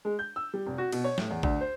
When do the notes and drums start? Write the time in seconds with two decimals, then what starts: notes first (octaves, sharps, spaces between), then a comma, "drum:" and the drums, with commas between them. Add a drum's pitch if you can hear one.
0.05 G#3
0.19 G6
0.36 E6
0.54 G3
0.66 F1
0.78 F#4
0.92 B2, drum: cymbal
1.04 C#5
1.18 A2, drum: snare
1.31 E2
1.43 D2, drum: kick A1
1.61 C5